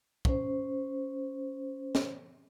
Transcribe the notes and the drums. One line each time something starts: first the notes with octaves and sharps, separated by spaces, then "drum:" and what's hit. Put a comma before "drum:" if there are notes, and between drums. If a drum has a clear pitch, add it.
C#4 C5, drum: kick
drum: snare